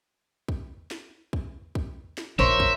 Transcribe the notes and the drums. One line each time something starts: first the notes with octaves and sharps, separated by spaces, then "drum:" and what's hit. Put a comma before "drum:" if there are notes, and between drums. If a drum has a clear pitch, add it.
drum: kick
drum: snare
drum: kick
drum: kick
drum: snare
A#1 A#4 C5 C#5 E5
drum: kick